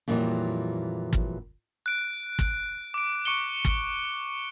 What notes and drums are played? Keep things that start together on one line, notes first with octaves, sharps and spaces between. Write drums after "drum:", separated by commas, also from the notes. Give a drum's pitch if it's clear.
F2 A#2 E3 F#3 G3 C4
drum: kick
F#6 D7
drum: kick
D6 D7
C#6 D6 C#7 D7 G7
drum: kick